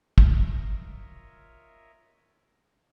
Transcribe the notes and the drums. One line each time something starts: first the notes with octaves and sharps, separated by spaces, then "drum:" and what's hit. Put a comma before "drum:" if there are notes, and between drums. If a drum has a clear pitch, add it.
F4 A#4 C#5 D#5 E5, drum: kick